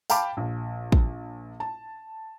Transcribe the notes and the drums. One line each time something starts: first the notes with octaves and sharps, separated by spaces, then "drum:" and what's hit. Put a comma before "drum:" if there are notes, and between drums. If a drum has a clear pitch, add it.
F5 G5 A5 B5 D6, drum: tambourine
A#1
drum: kick
A5